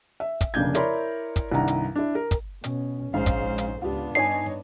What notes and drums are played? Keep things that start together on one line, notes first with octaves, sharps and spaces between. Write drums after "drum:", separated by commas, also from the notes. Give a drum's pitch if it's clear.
E5
drum: kick, hi-hat
F1 C#3 A#3 D4 G6 G#6
E4 A#4 C#5 D5 B5 C6, drum: hi-hat
drum: kick, hi-hat
C2 G2 D#3 F#5 A#5
drum: hi-hat
D4 E4
A#4
drum: kick, hi-hat
B2 C#4, drum: hi-hat
A#1 G#2 C#4 C5 F5
drum: kick, hi-hat
drum: hi-hat
C#2 B3 D4 F4 G4
G2 D#4 C#5 D#5 G#5 C7